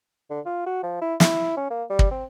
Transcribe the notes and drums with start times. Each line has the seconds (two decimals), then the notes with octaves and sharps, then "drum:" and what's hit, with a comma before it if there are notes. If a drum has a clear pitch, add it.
0.30 D3
0.46 F4
0.67 F#4
0.83 F3
1.02 E4
1.20 E4, drum: snare
1.57 C#4
1.71 A#3
1.90 G3
1.99 drum: kick
2.11 C4